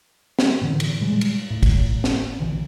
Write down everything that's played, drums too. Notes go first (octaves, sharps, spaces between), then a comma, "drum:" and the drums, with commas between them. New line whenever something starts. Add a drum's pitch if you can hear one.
drum: snare
A2 D3 E3
drum: cymbal
A#2 G3 G#3
drum: cymbal
A2
drum: kick, cymbal
drum: snare
A#1 D3 E3